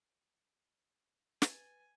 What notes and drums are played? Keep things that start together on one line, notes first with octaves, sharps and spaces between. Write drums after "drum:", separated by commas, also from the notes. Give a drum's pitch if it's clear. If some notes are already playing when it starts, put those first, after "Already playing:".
B4 G#5 A6, drum: snare